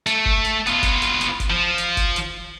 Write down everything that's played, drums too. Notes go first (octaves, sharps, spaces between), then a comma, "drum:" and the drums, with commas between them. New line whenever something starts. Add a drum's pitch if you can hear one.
A3, drum: hi-hat
drum: kick
drum: hi-hat
B3 F4, drum: hi-hat
drum: kick, hi-hat
drum: hi-hat
drum: hi-hat
drum: kick, hi-hat
F3
drum: hi-hat
drum: kick, hi-hat
drum: hi-hat